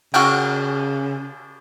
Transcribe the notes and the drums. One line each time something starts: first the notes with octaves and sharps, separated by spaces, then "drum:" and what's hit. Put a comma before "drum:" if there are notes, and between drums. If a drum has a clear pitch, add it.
C#3 F#4 G5, drum: cymbal